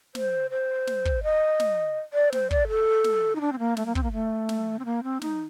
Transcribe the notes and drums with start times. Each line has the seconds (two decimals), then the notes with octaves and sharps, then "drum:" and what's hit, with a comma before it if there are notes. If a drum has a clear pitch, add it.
0.15 C5, drum: snare
0.51 C5
0.87 drum: snare
1.05 drum: kick
1.23 D#5
1.60 drum: snare
2.13 D5
2.32 C5, drum: snare
2.51 D5, drum: kick
2.68 A4
3.04 drum: snare
3.35 D#4
3.41 D4
3.52 C4
3.59 A#3
3.77 A3, drum: snare
3.86 A#3
3.95 C4, drum: kick
4.03 A#3
4.12 A3
4.49 drum: snare
4.79 C4
4.85 A#3
5.03 C4
5.21 D#4, drum: snare